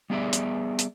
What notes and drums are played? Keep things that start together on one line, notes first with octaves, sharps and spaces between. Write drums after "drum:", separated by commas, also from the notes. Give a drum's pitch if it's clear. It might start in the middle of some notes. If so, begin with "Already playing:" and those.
G3 B3 G#4 D5 E5
drum: hi-hat
drum: hi-hat